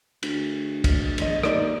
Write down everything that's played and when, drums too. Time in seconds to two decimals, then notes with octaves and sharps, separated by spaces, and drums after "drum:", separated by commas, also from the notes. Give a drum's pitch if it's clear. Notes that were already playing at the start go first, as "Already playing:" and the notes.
0.23 D2, drum: cymbal
0.84 drum: kick, cymbal
1.18 E2 C5 D#5, drum: cymbal
1.43 D#2 C5 D5, drum: rim click